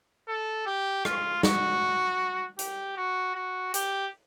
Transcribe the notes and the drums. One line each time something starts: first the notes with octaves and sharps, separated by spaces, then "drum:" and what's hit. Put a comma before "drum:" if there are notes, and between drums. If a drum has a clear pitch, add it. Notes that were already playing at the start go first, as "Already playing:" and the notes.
A4
G4
F4, drum: rim click
F#4, drum: snare
G4, drum: hi-hat
F#4
F#4
G4, drum: hi-hat